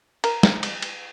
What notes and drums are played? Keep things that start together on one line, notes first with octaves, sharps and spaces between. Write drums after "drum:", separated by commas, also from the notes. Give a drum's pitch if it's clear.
A#4, drum: cymbal
drum: snare
drum: cymbal
drum: cymbal